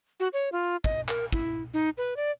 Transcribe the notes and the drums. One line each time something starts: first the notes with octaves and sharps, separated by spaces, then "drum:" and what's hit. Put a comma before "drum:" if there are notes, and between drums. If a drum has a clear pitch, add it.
F#4
C#5
F4
D#5, drum: kick
A#4, drum: clap
E4, drum: kick
D#4
B4
D5